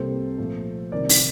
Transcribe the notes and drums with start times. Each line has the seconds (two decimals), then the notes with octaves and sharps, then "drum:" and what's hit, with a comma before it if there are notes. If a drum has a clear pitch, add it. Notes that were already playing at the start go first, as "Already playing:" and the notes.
Already playing: C2 C3 G3 A#3 A4 C5
0.38 A#2 F3 A3
0.92 C2 C3 D#3 G3 A#4 D5
1.09 drum: open hi-hat